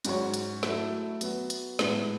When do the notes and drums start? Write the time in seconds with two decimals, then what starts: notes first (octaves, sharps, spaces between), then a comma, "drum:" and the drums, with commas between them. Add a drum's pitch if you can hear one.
0.05 G#2 F#3 C#4 F#4 C#5, drum: hi-hat
0.34 drum: hi-hat
0.63 F#3 A3 E4 A4, drum: snare
1.21 F#3 B3 F#4, drum: hi-hat
1.50 drum: hi-hat
1.79 A2 G#3 B3 E4, drum: snare